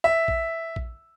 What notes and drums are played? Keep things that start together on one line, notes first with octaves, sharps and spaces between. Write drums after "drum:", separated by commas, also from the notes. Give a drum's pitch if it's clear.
E5
drum: kick A#1
drum: kick A#1